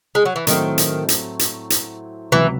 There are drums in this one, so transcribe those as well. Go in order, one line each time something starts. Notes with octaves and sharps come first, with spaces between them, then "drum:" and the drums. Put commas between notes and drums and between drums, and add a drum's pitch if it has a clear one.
G#3
F#3
E3
A2 D#3 F#3 A3 C4, drum: hi-hat
drum: hi-hat
drum: hi-hat
drum: hi-hat
drum: hi-hat
C#2 C3 E3 F#3